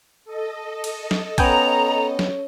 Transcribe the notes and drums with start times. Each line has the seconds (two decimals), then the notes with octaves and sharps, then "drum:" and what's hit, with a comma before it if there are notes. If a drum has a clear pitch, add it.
0.25 A4 D#5
0.84 drum: cymbal
1.11 drum: snare
1.38 B3 C#4 C#5 G5 G#5 A#5, drum: kick, cymbal
2.19 drum: snare